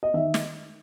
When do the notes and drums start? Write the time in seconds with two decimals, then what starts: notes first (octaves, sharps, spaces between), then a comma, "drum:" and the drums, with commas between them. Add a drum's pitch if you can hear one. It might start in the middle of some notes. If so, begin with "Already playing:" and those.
0.03 D#5
0.14 D#3 E5
0.34 drum: snare